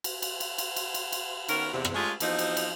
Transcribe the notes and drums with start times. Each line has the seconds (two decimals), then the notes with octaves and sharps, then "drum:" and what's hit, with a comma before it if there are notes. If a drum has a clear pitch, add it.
0.04 drum: cymbal
0.22 drum: cymbal
0.40 drum: cymbal
0.58 drum: cymbal
0.76 drum: cymbal
0.94 drum: cymbal
1.12 drum: cymbal
1.49 D#3 B3 C#4 A#4, drum: cymbal
1.73 E2 C3
1.85 drum: rim click
1.95 G#3 A3 C#4 F4 G4 G#4
2.20 E2 F3 C4 D#4, drum: cymbal
2.39 drum: cymbal
2.57 drum: cymbal